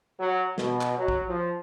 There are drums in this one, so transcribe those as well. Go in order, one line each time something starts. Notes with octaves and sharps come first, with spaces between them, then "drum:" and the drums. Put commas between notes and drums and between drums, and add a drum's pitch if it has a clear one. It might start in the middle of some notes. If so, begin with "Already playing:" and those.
F#3
B2, drum: snare
drum: clap
F#3
drum: kick
F3